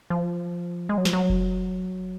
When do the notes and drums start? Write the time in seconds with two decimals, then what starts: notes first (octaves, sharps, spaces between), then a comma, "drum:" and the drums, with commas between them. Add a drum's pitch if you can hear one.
0.10 F3
0.89 G#3
0.98 F#3
1.05 F3, drum: snare
1.13 F#3
1.29 drum: kick F1